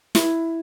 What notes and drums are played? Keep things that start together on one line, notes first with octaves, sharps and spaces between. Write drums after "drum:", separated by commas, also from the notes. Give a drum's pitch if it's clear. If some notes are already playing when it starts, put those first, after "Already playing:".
E4, drum: snare